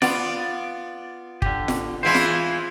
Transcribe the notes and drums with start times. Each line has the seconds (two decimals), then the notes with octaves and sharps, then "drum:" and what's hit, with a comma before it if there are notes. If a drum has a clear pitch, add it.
0.02 B3 F4 D5, drum: snare F4
1.42 D3 G4, drum: kick
1.68 drum: snare F4
2.03 E3 G#3 E4 F4 C5
2.15 drum: snare F4